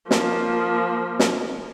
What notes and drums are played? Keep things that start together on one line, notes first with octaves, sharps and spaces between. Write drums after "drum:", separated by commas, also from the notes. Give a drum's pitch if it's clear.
F3 A#3, drum: snare
drum: snare